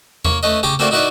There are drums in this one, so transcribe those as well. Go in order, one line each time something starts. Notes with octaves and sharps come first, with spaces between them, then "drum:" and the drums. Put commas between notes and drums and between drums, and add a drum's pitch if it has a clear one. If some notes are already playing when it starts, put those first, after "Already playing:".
A#3 C#5, drum: tom E2
A3 C#4 B4 D#5
C#3 C#4 G4 A#5 D6
A3 A#3 C4 F#4 A#4 D5
D#4 E4 F#4 A#4 B4 D5